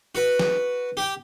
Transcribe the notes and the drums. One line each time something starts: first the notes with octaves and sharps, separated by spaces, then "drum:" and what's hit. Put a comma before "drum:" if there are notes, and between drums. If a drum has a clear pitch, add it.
F#4 B4
drum: snare
G4 G5